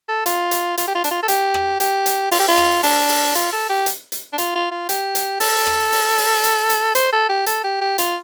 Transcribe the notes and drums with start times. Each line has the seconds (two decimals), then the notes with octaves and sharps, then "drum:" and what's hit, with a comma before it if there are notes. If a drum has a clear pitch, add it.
0.08 A4
0.26 F4, drum: hi-hat
0.51 drum: hi-hat
0.77 F4, drum: hi-hat
0.87 G4
0.95 F4
1.04 D4, drum: hi-hat
1.11 F4
1.23 A4
1.28 G4, drum: hi-hat
1.54 drum: rim click
1.80 G4, drum: hi-hat
2.06 drum: hi-hat
2.31 F4, drum: open hi-hat
2.39 G4
2.48 F4
2.57 drum: rim click
2.83 D4, drum: open hi-hat
3.09 drum: open hi-hat
3.35 F4, drum: hi-hat
3.52 A4
3.69 G4
3.86 drum: hi-hat
4.12 drum: hi-hat
4.33 D4
4.38 F4, drum: hi-hat
4.55 F4
4.71 F4
4.89 G4, drum: hi-hat
5.15 drum: hi-hat
5.40 A4, drum: open hi-hat
5.66 drum: rim click
5.92 drum: open hi-hat
6.18 drum: open hi-hat
6.44 drum: hi-hat
6.69 drum: hi-hat
6.95 C5, drum: hi-hat
7.12 A4
7.29 G4
7.46 A4, drum: hi-hat
7.64 G4
7.81 G4
7.98 F4, drum: hi-hat